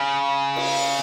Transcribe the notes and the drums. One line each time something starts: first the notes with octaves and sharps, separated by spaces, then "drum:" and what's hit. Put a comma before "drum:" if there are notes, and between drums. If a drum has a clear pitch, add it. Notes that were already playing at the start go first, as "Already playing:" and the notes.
Already playing: C#3
drum: cymbal